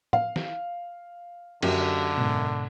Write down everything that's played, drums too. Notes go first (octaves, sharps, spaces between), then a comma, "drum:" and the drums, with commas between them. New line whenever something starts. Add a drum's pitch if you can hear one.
F5, drum: tom
drum: snare
F#2 D3 G4, drum: cymbal
G#2 B2